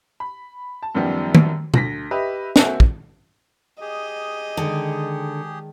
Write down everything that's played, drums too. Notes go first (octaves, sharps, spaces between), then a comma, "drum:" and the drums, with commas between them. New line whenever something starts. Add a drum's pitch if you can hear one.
B5
A5
F#2 D#3 F3 G3 B3
drum: tom
D2 A#6 B6, drum: tom
G4 B4 D#5 E5
A#3 C4 F#4 E5 G#5, drum: snare
drum: kick
G4 G#4 D#5
D3 D#3 G#3